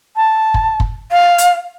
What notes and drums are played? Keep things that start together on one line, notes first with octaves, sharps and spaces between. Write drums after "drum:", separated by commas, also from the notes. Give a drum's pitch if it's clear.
A5
drum: kick
drum: kick
F5
drum: hi-hat